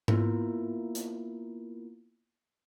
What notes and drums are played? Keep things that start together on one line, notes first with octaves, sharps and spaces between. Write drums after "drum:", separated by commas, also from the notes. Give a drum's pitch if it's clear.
A#3 B3 E4 F4 A#4, drum: tom G#2
drum: hi-hat